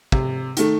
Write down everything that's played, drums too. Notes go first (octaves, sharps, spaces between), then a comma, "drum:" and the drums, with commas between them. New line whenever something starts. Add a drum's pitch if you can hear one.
C3, drum: kick
D#3 A3, drum: hi-hat